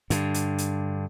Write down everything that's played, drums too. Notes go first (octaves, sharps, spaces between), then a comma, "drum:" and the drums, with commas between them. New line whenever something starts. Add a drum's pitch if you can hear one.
G2 D3, drum: hi-hat
drum: hi-hat
drum: hi-hat